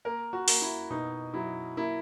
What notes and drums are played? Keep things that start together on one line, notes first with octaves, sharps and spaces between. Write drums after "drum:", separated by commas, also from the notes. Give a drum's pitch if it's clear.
A#3 A#4
F#4
A#3, drum: open hi-hat
E4
B2 D#4
F#3 E4
A#3 E4